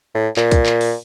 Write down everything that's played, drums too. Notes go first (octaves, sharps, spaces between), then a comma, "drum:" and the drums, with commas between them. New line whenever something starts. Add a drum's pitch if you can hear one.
A2
A#2, drum: clap
drum: kick, hi-hat
drum: clap
drum: open hi-hat